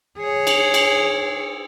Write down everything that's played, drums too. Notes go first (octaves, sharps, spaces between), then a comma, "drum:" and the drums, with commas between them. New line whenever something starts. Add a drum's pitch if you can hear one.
G#4 C#5
drum: cymbal
drum: cymbal